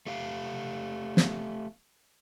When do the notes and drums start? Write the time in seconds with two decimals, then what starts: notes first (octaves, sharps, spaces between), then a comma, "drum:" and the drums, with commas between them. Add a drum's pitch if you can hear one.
0.07 A3 G4 F5
1.17 drum: snare